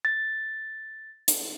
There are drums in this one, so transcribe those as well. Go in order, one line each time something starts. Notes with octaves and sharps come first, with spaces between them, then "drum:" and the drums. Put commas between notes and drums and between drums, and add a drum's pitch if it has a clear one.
A6
drum: hi-hat